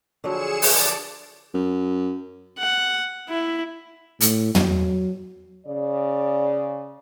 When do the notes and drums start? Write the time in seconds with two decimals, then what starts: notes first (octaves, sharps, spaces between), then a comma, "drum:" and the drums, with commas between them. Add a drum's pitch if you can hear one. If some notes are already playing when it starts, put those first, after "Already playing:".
0.24 D3 F3 F#3 G#4 C#7 E7
0.62 D5 A5, drum: open hi-hat
1.54 F#2
2.58 F#5
3.29 E4
4.21 A2, drum: hi-hat
4.55 F#3, drum: tom
5.67 C#3 D5